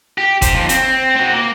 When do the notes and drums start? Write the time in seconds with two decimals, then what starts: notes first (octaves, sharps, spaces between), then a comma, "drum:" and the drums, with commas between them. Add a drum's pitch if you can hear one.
0.18 G4
0.42 G4 C5, drum: kick, hi-hat
0.54 D#2 F3
0.69 C4, drum: hi-hat
1.16 C4 F#4
1.33 A#3